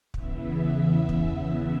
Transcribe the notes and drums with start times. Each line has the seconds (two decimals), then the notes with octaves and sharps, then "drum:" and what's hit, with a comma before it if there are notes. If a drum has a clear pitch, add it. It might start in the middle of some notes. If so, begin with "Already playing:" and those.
0.14 E2 C#3 E3 B3 E5, drum: kick
1.09 drum: kick